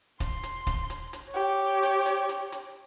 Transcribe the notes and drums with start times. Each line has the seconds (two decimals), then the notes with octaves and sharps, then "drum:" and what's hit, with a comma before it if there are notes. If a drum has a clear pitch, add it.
0.20 C6, drum: kick, hi-hat
0.43 drum: hi-hat
0.67 drum: kick, hi-hat
0.90 drum: hi-hat
1.13 drum: hi-hat
1.30 G4 C#5
1.83 drum: hi-hat
2.06 drum: hi-hat
2.29 drum: hi-hat
2.52 drum: hi-hat